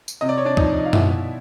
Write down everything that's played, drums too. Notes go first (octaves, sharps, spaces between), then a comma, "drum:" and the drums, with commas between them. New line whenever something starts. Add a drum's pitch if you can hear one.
drum: tambourine
C3 D#5
D5
C#5
D4 D5
F3 D#4 D#5, drum: kick
F5
B2 E4 E5, drum: tom F#2